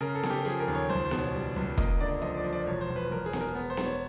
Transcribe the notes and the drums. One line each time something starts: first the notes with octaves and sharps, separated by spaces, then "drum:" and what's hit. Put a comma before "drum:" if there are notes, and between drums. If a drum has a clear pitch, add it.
C#3 A#4
A4
C#3, drum: snare B3
G4
F3 G#4
A#4
D#2
C#5
C#2 C5
C5
B2, drum: snare B3
C#5
G3
C#2
A#3 D#5, drum: kick
D3 D5
F3 D#5
D5
F3
D5
E1 C#5
C5
E1
B4
E1 A#4
G#4
E1, drum: snare B3
A#4
B3
C5
B3, drum: snare B3
C#5